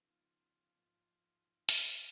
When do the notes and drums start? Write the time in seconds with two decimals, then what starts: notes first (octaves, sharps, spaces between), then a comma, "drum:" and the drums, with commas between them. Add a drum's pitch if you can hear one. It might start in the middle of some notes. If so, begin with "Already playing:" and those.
Already playing: C#3 F3 G#3 B3 D#4
0.09 F4
0.77 G#2 F3 A#3 D#4
1.69 D#2 C#3 F3 F#4, drum: hi-hat